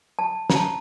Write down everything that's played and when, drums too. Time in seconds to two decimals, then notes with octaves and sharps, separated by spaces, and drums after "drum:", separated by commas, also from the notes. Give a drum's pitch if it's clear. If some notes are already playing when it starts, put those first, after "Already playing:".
0.19 A5
0.50 A#5, drum: snare
0.55 A5